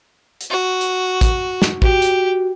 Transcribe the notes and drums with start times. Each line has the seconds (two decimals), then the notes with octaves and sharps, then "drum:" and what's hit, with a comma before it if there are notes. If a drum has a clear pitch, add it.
0.41 drum: hi-hat
0.50 F#4
0.81 drum: hi-hat
1.21 drum: kick, hi-hat
1.62 drum: snare
1.82 F#4 G4, drum: kick
2.02 drum: hi-hat